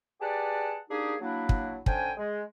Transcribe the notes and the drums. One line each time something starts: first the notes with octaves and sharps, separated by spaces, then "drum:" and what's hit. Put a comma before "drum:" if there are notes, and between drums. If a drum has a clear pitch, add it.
G4 G#4 B4 D5 F#5 A5
A#3 D4 D#4 G4 G#4
F#3 A#3 D4 E4
drum: kick
D3 C#4 D4 C5 G5 G#5, drum: kick
G#3